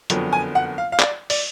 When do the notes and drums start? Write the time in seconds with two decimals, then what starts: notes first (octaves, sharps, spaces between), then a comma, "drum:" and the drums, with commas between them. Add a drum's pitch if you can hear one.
0.10 F#1 F2 D3 F#3 B3, drum: hi-hat
0.33 G#5
0.55 F#5
0.78 F5
0.92 F5
1.00 D5, drum: clap
1.30 D5, drum: open hi-hat